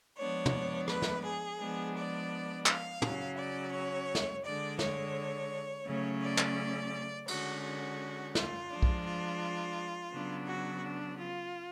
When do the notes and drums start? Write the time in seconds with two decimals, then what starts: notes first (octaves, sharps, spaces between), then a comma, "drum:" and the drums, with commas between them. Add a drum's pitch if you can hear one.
0.17 F3 G#3 B3 D4 C#5
0.46 drum: tom
0.88 B4, drum: rim click
1.02 drum: snare
1.24 G#4
1.60 F3 G#3 B3 D4
1.96 D5
2.66 F5, drum: clap
3.02 C#3 F#3 C#4, drum: tom
3.37 D5
3.72 C#5
4.15 drum: snare
4.44 D3 G#3 D4 D5
4.79 C#5, drum: snare
5.86 C#3 F#3 A3 C#4
6.22 D5
6.38 drum: clap
7.28 D3 G#3 C#4 F#4, drum: cymbal
7.63 F#4
8.35 F4, drum: snare
8.70 F3 G#3 D4
8.82 drum: kick B1
9.06 F4
10.12 C#3 F#3 B3 D4
10.47 F#4
10.83 D4
11.19 F4